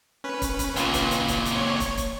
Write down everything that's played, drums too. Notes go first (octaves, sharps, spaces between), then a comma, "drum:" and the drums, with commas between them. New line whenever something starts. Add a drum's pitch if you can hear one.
C#4 B4
drum: kick, hi-hat
drum: kick, hi-hat
C#2 A#2, drum: hi-hat
drum: kick, hi-hat
drum: hi-hat
drum: kick, hi-hat
drum: hi-hat
C#5
drum: kick, hi-hat
drum: kick, hi-hat